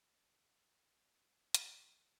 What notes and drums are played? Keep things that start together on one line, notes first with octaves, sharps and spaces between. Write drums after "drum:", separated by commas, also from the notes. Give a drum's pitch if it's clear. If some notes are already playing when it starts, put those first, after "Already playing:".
G#3 G5, drum: hi-hat